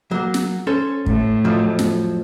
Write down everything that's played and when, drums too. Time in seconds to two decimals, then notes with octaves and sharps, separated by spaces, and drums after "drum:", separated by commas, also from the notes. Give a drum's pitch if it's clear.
0.11 F#3 A#3
0.34 drum: snare
0.67 C#4 A4 C5
1.06 A2, drum: kick
1.45 F2 F3 F#3
1.79 drum: snare